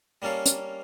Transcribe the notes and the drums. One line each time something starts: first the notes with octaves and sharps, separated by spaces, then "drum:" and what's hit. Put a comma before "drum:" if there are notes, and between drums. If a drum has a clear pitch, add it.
G3 A#3 C#4 A4 F5
drum: hi-hat